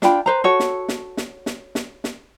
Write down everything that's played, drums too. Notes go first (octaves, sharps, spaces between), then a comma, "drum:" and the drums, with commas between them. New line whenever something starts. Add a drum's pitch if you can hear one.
D4 F4 G5 B5, drum: snare
B4 C5 A#5
F#4 A4 C#5
drum: snare
drum: snare
drum: snare
drum: snare
drum: snare
drum: snare